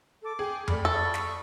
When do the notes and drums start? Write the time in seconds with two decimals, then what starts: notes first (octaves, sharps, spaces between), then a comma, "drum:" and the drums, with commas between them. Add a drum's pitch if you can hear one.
0.22 A4 D6
0.39 G#4 G5
0.68 A3 D5 B5 F6, drum: tom F2
0.85 A4 C#6 D#6
1.14 drum: snare